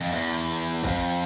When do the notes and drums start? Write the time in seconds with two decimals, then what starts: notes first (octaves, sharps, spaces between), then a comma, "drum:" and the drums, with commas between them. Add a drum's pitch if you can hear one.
0.01 F2
0.12 E2
0.83 F2, drum: kick G#1